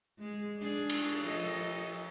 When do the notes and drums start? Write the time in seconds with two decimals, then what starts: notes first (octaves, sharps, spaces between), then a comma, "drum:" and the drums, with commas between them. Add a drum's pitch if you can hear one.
0.18 G#3 G#4
0.59 D4 G#4
0.90 drum: cymbal
1.24 F3 A4 D#5